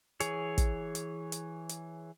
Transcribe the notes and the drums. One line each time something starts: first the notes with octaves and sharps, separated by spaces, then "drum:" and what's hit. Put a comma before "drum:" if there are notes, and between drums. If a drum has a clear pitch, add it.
E3 G#4 C#5, drum: hi-hat
drum: kick, hi-hat
drum: hi-hat
drum: hi-hat
drum: hi-hat